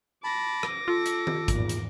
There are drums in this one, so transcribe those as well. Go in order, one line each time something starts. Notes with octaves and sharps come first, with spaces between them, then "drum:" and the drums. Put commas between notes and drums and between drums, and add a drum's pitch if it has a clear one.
A5 B5 D6 A#6
drum: rim click
F4 A4
drum: hi-hat
drum: tom D#3
G#1 E2 A#2, drum: kick, hi-hat
drum: hi-hat